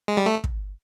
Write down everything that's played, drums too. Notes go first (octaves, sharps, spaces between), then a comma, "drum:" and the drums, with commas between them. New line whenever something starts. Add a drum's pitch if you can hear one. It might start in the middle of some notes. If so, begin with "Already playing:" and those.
G#3
G3
A3
drum: kick